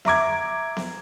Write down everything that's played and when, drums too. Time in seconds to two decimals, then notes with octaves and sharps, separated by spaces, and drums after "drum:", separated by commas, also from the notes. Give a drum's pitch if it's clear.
0.05 E5 A#5 D6 G#6, drum: snare B3
0.77 drum: snare B3